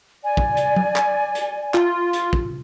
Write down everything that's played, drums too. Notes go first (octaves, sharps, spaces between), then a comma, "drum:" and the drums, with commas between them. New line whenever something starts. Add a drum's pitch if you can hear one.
D5 G#5
drum: kick
drum: hi-hat
drum: tom F#3
drum: clap
drum: hi-hat
F4, drum: clap
drum: hi-hat
drum: kick